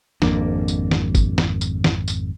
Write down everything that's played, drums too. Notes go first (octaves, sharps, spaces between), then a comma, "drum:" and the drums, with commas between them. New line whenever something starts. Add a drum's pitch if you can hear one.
G#1 F2 A#3 D4, drum: snare
drum: tambourine
drum: snare
drum: kick G1, tambourine
drum: snare
drum: tambourine
drum: snare
drum: tambourine